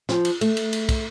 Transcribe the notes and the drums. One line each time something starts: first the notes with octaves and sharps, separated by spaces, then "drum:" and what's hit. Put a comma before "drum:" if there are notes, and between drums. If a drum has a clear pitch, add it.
F3, drum: snare
drum: cymbal
A3, drum: cymbal
drum: cymbal
drum: cymbal
drum: kick, cymbal